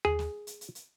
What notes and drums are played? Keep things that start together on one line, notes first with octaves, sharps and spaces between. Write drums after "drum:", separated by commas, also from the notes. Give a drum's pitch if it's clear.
G#4, drum: tom D#2
drum: snare
drum: hi-hat
drum: hi-hat
drum: hi-hat